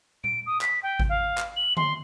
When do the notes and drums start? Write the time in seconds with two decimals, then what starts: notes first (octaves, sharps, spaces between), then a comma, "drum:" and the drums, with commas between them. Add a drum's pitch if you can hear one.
0.24 D7, drum: tom A#2
0.46 D#6
0.61 B6, drum: clap
0.83 G5
1.00 drum: kick G#1
1.09 F5
1.38 drum: clap
1.56 F#7
1.77 C6, drum: tom D3